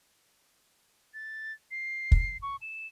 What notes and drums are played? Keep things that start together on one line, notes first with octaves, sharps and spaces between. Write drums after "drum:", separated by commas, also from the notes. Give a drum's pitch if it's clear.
A6
C7
drum: kick
C#6
E7